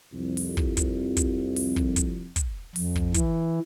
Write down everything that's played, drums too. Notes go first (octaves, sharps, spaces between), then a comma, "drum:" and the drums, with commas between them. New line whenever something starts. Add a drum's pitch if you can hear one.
C2 F2
drum: open hi-hat
drum: kick
drum: kick, hi-hat
drum: kick, hi-hat
drum: open hi-hat
drum: kick
drum: kick, hi-hat
drum: kick, hi-hat
F2, drum: open hi-hat
drum: kick
E3, drum: kick, hi-hat